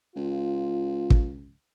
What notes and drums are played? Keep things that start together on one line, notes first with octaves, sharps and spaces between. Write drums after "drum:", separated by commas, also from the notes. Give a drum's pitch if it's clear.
C#2 F4
drum: kick